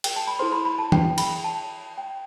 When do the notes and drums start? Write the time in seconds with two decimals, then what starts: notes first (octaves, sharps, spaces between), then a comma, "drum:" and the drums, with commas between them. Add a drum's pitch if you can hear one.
0.04 G5, drum: cymbal
0.16 A5
0.27 B5
0.39 E4 A4 C5 C6
0.52 B5
0.65 B5
0.78 A5
0.92 G5, drum: tom E3
1.18 B5, drum: cymbal
1.44 A5
1.98 G5